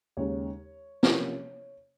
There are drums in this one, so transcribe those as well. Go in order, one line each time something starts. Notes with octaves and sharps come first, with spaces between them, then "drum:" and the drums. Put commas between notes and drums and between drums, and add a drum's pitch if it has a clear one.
D#2 C#3 G#3 D#4 C#5
C3 F3 A#3 C#4, drum: snare